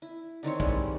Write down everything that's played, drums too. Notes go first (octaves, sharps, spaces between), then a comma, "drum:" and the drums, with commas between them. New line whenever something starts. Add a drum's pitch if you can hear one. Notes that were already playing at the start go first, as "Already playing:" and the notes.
E4
D3 D#3 C4 C#5
G3 G#3, drum: kick